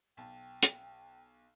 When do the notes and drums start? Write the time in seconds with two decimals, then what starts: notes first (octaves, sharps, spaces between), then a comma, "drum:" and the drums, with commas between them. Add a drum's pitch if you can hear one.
0.17 B1 G5 A5
0.63 drum: hi-hat